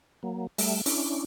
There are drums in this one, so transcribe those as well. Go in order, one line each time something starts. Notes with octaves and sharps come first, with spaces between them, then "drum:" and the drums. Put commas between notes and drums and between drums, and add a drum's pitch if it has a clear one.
F#3 A#3
G3 A3 E5, drum: open hi-hat
C#4 D4 E4, drum: open hi-hat